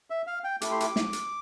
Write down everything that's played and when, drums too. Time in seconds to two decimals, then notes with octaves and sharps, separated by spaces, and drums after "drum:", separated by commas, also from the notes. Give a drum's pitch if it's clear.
0.10 E5
0.27 F5
0.44 G5
0.61 A3 E4 G4 D6, drum: hi-hat
0.71 C6
0.80 D6, drum: hi-hat
0.96 drum: snare
1.13 drum: hi-hat